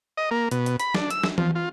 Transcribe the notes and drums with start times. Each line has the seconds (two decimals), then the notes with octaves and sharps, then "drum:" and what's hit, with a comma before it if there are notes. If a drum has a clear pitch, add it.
0.17 D#5
0.31 A#3
0.51 B2, drum: hi-hat
0.66 drum: hi-hat
0.79 B5, drum: hi-hat
0.94 D4, drum: snare
1.10 E6, drum: hi-hat
1.24 drum: snare
1.38 F3, drum: tom E3
1.55 F4